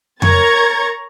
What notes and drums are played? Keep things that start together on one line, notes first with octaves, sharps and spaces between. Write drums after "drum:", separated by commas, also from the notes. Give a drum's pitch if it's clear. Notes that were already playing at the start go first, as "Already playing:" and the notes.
A#4 C#5 A#5 C#6 G#6 A6, drum: tom F2